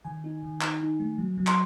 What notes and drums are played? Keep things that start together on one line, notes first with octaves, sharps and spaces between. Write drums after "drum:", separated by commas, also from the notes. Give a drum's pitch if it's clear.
D#3 G#5
D#4
D#3
D#4, drum: clap
D#4
A3
F#3
F#3
C6, drum: clap